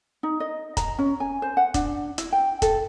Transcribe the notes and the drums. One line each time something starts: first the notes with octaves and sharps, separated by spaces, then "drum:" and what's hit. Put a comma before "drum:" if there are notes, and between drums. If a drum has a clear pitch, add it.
D#4
D#5
A#5, drum: kick, hi-hat
C#4
G#5
C5
F#5
D4, drum: kick, hi-hat
E4, drum: hi-hat
G5
A4, drum: kick, hi-hat